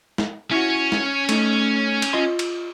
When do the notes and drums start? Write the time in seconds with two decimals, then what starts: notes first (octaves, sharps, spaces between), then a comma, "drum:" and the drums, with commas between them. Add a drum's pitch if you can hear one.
0.18 drum: snare
0.52 C#4 E4 F#4 C#5
0.92 drum: snare
1.29 A3 D#4, drum: cymbal
2.02 drum: cymbal
2.13 F4 D#5 C6
2.39 drum: cymbal